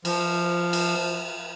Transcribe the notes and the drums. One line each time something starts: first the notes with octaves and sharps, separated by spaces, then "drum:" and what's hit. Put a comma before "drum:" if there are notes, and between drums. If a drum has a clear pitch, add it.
F3, drum: cymbal
drum: cymbal